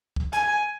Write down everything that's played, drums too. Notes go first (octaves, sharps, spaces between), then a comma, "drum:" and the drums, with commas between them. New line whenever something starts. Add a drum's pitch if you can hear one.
drum: kick
G#5, drum: hi-hat